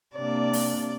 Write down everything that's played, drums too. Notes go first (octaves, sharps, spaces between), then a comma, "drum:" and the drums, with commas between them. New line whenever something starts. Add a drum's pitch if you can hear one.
C3 A#3 D4 D5
drum: open hi-hat